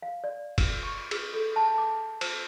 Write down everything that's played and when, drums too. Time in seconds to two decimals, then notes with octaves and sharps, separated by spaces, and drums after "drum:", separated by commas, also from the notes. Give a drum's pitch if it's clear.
0.02 F5
0.24 D5
0.58 drum: kick F#1, cymbal
0.83 C#6
1.11 G#4, drum: cymbal
1.34 A4
1.56 A5
1.78 D6
2.21 C5, drum: cymbal